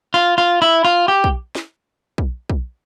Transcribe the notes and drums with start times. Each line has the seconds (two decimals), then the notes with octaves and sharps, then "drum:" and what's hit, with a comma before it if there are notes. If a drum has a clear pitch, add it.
0.14 F4
0.38 F4
0.62 E4
0.85 F4
1.08 G4
1.24 drum: kick
1.55 drum: snare
2.18 drum: kick
2.50 drum: kick